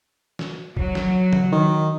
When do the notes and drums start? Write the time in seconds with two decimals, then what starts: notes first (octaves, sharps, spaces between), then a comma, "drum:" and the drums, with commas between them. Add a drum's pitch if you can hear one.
0.39 drum: snare
0.77 F#3, drum: kick G#1
0.95 drum: snare
1.33 drum: tom C#3
1.52 D#3